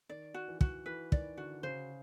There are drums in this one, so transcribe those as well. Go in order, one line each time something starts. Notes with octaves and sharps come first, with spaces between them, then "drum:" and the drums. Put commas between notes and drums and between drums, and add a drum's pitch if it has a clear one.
D#3 D5
F#4
E3
F#4, drum: kick
E3 B4
D#3 D5, drum: kick
D3 F#4
C#3 C5